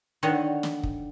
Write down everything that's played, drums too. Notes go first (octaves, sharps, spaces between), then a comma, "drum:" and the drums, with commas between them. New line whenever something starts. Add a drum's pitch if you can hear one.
D3 D#3 C#5 D#5 F#5
drum: snare
drum: kick